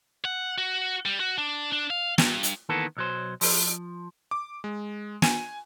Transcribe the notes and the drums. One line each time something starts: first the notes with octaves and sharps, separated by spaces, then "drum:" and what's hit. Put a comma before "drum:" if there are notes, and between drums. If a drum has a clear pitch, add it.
F#5
F#4
G3
F#4
D4
D4
F5
G2, drum: snare
drum: hi-hat
D#3 E3 A#3 B3 A4
B1 F#3 C5
F3, drum: open hi-hat
D6
G#3
G#5, drum: snare